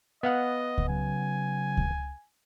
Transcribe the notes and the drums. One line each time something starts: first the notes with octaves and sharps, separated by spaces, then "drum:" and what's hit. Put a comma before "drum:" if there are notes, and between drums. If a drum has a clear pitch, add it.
B3 D#5 F5 F#5
drum: kick C#2
C#3 F#3 G#5
drum: kick C#2